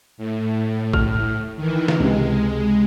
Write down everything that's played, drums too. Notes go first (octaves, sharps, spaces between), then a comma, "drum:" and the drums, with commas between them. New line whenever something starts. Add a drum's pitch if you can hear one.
A2
F6, drum: kick
D#3 E3
drum: snare
C#2 C3 G#3